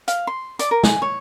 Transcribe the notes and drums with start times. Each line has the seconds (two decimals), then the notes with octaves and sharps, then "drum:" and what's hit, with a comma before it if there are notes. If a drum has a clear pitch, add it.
0.08 F5, drum: hi-hat
0.27 C6
0.59 D5, drum: hi-hat
0.71 A#4
0.83 G#5, drum: snare
1.02 C#5